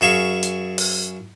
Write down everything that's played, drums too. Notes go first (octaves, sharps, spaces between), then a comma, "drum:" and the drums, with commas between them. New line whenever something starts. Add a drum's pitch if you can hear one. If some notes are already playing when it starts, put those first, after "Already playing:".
F#2 G#4 E5 F5 C#6
drum: hi-hat
drum: open hi-hat